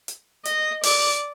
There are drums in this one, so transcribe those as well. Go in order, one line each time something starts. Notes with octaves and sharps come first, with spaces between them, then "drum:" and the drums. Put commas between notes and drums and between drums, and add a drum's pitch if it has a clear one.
drum: hi-hat
D#5, drum: hi-hat
D5, drum: open hi-hat